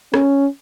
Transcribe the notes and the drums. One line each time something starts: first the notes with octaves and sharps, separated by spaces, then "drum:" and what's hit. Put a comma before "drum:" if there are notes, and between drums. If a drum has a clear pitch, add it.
C#4, drum: rim click